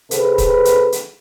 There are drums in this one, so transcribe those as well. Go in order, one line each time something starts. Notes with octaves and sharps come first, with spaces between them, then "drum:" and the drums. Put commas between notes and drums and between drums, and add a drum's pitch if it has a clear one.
C3 G#4 A4 B4, drum: hi-hat
drum: kick, hi-hat
drum: hi-hat
drum: hi-hat